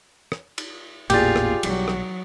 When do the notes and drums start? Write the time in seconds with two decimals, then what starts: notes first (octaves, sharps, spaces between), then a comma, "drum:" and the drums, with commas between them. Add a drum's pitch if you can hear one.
0.32 drum: rim click
0.58 drum: cymbal
1.10 A1 E2 A#2 F4 G4 G#4 D5 F5, drum: cymbal
1.36 drum: rim click
1.63 B1 F#3 G3, drum: cymbal
1.88 drum: rim click